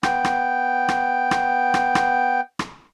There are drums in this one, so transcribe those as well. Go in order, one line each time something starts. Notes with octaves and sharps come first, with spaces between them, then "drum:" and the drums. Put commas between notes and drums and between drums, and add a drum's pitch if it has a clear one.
B3 G5, drum: rim click
drum: rim click
drum: rim click
drum: rim click
drum: rim click
drum: rim click
drum: rim click